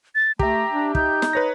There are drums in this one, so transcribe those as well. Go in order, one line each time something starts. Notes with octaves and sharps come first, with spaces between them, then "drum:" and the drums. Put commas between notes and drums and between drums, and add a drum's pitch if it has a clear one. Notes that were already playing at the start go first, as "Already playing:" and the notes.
A6
A3 G4 E5 A#5, drum: kick
D4
D#4 G6, drum: kick
drum: snare
B4 C#5 A#6